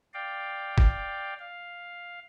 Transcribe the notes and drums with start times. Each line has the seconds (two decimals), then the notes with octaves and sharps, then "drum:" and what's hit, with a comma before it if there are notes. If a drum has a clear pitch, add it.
0.14 D5 F5 G5
0.78 drum: kick
1.39 F5